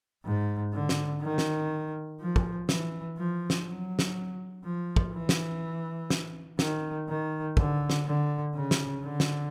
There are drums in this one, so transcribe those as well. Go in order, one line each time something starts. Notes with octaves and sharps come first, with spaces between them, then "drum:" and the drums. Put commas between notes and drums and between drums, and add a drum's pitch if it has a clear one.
G#2
D3
drum: snare
D#3
drum: snare
F3
drum: kick
E3, drum: snare
F3
drum: snare
F#3
drum: snare
F3
drum: kick
E3
drum: snare
drum: snare
D#3, drum: snare
D#3
D3, drum: kick
drum: snare
D3
C#3
drum: snare
D3
drum: snare